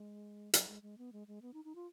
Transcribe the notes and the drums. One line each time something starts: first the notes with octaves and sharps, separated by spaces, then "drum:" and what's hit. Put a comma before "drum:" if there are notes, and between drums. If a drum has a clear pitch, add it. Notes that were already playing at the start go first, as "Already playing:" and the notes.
Already playing: G#3
F#3, drum: hi-hat
G#3
G#3
B3
G#3
G#3
B3
D#4
D#4
F4